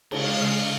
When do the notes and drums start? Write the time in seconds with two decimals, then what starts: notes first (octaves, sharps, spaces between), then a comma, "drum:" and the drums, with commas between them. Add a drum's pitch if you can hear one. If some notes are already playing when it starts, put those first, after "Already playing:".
0.11 C#3 G#3 F5, drum: cymbal